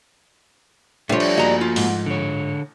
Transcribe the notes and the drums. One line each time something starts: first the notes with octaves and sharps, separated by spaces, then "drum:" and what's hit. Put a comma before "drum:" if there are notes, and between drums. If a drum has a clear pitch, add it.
F3 G3 A3 D4 C#5
drum: cymbal
A#3 F#4 D#5 A#5
F4
G#2, drum: open hi-hat
D3 C#5